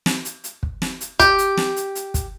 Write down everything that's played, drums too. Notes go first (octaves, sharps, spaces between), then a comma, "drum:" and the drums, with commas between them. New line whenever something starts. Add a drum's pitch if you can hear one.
drum: snare
drum: hi-hat
drum: hi-hat
drum: kick
drum: snare
drum: hi-hat
G4, drum: kick, hi-hat
drum: hi-hat
drum: snare
drum: hi-hat
drum: hi-hat
drum: kick, hi-hat